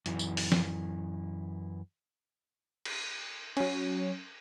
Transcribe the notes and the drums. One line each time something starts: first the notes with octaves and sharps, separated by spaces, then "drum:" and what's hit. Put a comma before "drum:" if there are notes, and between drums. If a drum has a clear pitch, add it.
F#2 E3, drum: hi-hat
drum: tambourine
drum: open hi-hat
drum: snare
drum: cymbal
F#3 C#4, drum: cymbal